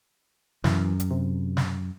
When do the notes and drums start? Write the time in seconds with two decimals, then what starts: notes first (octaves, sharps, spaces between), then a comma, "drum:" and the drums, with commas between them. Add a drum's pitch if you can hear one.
0.64 F#2 E3, drum: snare
1.00 drum: hi-hat
1.11 C3
1.57 drum: snare